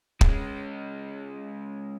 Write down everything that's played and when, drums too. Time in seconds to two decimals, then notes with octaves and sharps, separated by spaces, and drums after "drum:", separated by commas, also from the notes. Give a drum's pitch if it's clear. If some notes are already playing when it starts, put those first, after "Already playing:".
0.21 G#3 C#4, drum: kick